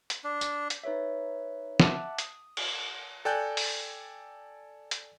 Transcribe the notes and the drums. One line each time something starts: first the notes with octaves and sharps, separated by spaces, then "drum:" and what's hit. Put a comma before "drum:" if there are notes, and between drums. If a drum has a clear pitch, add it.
drum: hi-hat
D4
drum: tambourine
drum: hi-hat
D#4 B4 C#5 E5
E5 F#5 A5 D6 F#6, drum: snare
D#6, drum: hi-hat
drum: cymbal
A4 D5 G5 G#5 F#6 G6
drum: open hi-hat
drum: hi-hat